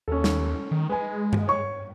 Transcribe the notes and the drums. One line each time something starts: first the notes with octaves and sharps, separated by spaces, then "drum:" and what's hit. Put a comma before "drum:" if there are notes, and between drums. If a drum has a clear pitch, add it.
D#2 C#4 A4
drum: snare
D#3
G#3 B4 G#5
drum: tom G2
C#5 C#6